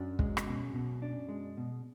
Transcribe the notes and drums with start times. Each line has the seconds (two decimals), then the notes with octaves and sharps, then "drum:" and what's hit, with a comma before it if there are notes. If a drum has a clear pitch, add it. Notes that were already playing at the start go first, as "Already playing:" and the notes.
Already playing: F#2 D4
0.19 G#3, drum: kick
0.37 drum: rim click
0.47 B2
0.74 B2
1.02 D4
1.29 G#3
1.57 B2